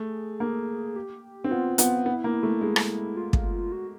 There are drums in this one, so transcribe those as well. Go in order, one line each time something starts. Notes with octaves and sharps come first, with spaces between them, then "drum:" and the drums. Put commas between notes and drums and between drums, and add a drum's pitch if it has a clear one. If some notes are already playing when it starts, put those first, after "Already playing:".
Already playing: A3 G#4
A#3
G4
C4
B3 F4
B3 F4, drum: hi-hat
B3 E4
A#3
A3
G#3
drum: rim click
F4
drum: kick
F#4